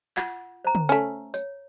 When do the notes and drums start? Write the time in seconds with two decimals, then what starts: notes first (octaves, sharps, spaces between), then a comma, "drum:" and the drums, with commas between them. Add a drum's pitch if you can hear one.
0.17 F4 F#5, drum: clap
0.65 C5 A#5
0.75 drum: tom
0.89 A3 C#4
1.34 C#5, drum: tambourine